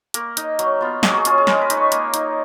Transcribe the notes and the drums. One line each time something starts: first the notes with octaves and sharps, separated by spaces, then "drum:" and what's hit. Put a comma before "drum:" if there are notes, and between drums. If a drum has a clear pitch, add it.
A#3 A#4, drum: hi-hat
D#4, drum: hi-hat
F#3, drum: hi-hat
B3 F4
A#3 G#4, drum: snare
F#4
G#4
C#4 F4, drum: hi-hat
G#4
G#3 A#4, drum: snare
B4
D#4, drum: hi-hat
C#5
A#3, drum: hi-hat
D#4, drum: hi-hat